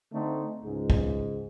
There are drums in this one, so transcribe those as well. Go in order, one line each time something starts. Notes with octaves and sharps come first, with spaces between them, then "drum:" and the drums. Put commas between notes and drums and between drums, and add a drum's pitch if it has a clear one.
D3 A3 C4 D#4
C#2 G#2
drum: kick